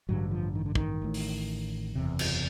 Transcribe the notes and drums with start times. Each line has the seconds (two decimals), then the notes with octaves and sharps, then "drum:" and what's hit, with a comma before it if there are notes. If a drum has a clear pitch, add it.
0.09 A1 G2 D3 F#3
0.31 F3
0.55 D#3
0.66 D3
0.75 D#3, drum: kick
1.02 A1 A2
1.14 drum: open hi-hat
1.95 F#1 E2 C3
2.19 drum: cymbal